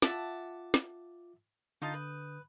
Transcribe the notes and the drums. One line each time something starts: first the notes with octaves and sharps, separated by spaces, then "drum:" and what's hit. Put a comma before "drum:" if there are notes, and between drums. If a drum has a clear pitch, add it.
F4 E5 F#5 A5 D6, drum: snare
drum: snare
D3 D#4 F4 A5 D#6 G6
B4